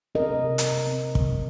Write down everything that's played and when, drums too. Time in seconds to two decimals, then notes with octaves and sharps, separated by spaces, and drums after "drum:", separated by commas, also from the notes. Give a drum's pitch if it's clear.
0.15 C4 A#4 D#5
0.30 C3
0.44 C3
0.58 C3, drum: hi-hat
0.72 C3
0.87 C4
1.15 drum: kick